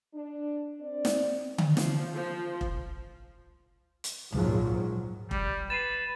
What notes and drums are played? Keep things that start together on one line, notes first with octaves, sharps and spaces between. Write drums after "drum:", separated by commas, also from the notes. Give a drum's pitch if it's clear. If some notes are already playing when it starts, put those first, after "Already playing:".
D4
C4 D5
drum: snare
drum: tom D3
F3, drum: snare
F3
drum: kick F1
drum: hi-hat
A#1 G#2 F3 F#3, drum: tom C#2
G3, drum: kick F1
B4 A6 C7 D#7 E7